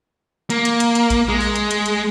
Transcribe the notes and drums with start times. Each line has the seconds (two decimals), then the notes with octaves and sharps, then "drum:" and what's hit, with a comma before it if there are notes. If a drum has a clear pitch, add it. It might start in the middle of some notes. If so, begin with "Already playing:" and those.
0.50 A#3, drum: hi-hat
0.65 drum: hi-hat
0.80 drum: hi-hat
0.95 drum: hi-hat
1.10 drum: kick A#1, hi-hat
1.29 G#3
1.40 drum: open hi-hat
1.56 drum: hi-hat
1.71 drum: hi-hat
1.86 drum: hi-hat